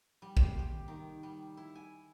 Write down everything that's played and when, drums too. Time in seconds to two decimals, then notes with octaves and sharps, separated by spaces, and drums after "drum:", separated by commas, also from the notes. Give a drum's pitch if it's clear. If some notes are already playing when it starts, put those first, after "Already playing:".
0.22 G3
0.37 C5, drum: kick
0.59 G4
0.88 D#3
1.23 G3
1.57 E4
1.75 G#5